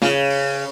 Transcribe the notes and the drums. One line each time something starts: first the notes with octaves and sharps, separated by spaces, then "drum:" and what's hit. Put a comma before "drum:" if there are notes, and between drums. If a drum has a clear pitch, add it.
C#3, drum: snare
drum: open hi-hat